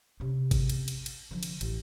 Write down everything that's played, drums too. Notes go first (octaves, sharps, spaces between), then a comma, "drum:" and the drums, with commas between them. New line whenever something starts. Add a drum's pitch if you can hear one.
C3 C#4
drum: kick G#1, cymbal
drum: cymbal
drum: cymbal
drum: cymbal
D3 F3
drum: cymbal
A1, drum: cymbal